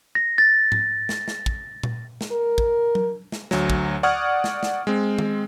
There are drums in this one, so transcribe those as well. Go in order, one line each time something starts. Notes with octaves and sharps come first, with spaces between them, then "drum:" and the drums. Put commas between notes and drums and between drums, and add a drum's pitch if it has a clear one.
A#6
A6
drum: tom G#2
drum: snare
drum: snare
drum: kick
drum: tom A#2
drum: snare
A#4
drum: kick
drum: tom F#3
drum: snare
D2 F#3, drum: snare
drum: kick
D5 F#5 C#6 D#6 F6 G#6
drum: snare
drum: snare
G#3 C4
drum: tom D#3